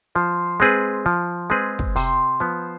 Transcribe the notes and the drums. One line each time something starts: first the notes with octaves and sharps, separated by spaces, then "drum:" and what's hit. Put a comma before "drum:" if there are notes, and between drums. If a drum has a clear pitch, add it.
F3 C5
G#3 C4 G#4 B4
F3
G#3 C4 G#4 B4
drum: kick
C3 C5, drum: open hi-hat
F3 B3